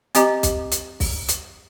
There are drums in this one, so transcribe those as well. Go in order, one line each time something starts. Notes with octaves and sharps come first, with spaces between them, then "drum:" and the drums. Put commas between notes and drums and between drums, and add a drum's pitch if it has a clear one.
C4 G4 D#5 A#5 D6, drum: hi-hat
drum: kick, hi-hat
drum: hi-hat
drum: kick, open hi-hat
drum: hi-hat